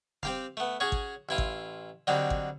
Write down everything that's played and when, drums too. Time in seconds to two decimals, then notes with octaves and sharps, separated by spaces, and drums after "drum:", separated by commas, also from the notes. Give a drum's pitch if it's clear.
0.23 C4 G4 F5, drum: snare
0.57 A3 B3
0.80 C#4 F#4 G#4
0.92 drum: kick G#1
1.29 A1 E4 F4
1.38 drum: kick G#1
2.07 D3 F#3 G3 C4 D#4
2.30 drum: kick G#1